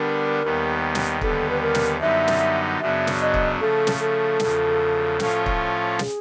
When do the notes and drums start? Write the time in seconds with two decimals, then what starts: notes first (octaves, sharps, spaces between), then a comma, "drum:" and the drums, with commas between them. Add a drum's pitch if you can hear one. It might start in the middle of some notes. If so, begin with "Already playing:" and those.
Already playing: D3 G3 B3 D4 A#4
0.42 D#2 D#3 G3 B3
0.95 drum: snare
1.21 D#2 D3 G3 B3 A4, drum: kick
1.50 B4
1.62 A#4
1.75 drum: snare
2.01 F#2 D3 G3 B3 D#4 E5
2.28 drum: snare
2.80 F#2 C#3 F#3 B3 D4 E5
3.07 drum: snare
3.21 D#5
3.34 drum: kick
3.60 C#3 F3 A3 A4
3.87 drum: snare
4.00 A4
4.40 E2 C#3 F3, drum: snare
5.20 A2 F3 A3 C#4 F4, drum: snare
5.46 drum: kick
5.99 G#4, drum: snare